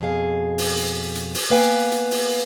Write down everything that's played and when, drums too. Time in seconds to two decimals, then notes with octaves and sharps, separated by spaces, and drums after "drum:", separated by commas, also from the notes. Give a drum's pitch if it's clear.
0.01 F2 B2 G#4 F5
0.58 drum: open hi-hat
0.77 drum: hi-hat
1.15 drum: hi-hat
1.34 drum: open hi-hat
1.50 A#3 B3 B4 F5 G5 G#5
1.92 drum: hi-hat
2.11 drum: open hi-hat